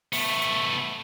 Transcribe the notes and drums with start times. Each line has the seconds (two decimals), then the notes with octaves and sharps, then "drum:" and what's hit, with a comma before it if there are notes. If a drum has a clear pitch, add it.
0.13 A3 B3, drum: open hi-hat
0.42 drum: hi-hat